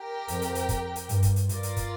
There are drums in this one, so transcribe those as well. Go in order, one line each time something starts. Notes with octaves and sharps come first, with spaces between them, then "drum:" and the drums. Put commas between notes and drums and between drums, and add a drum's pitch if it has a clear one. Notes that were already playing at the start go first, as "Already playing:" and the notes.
Already playing: G4 A#4 G5
F2, drum: hi-hat
drum: hi-hat
drum: hi-hat
drum: kick, hi-hat
drum: hi-hat
G2, drum: hi-hat
drum: kick, hi-hat
drum: hi-hat
G2 F4 A#4 D5, drum: hi-hat
drum: hi-hat
drum: kick, hi-hat